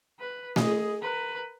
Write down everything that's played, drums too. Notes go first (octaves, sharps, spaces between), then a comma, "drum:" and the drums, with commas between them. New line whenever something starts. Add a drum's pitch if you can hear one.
B4
G#4 D#5, drum: snare A3
A#4 B4